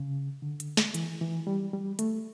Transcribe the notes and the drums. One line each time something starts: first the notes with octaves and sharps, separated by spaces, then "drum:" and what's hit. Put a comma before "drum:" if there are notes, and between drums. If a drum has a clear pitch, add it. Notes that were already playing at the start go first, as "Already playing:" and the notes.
Already playing: C#3
D3
drum: hi-hat
drum: snare
E3, drum: hi-hat
E3
G3
G3
A3, drum: hi-hat